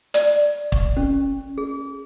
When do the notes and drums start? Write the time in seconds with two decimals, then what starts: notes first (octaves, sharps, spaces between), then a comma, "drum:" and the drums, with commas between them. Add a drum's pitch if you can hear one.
0.14 D5, drum: hi-hat
0.72 C#6, drum: kick
0.97 C#4
1.58 G#4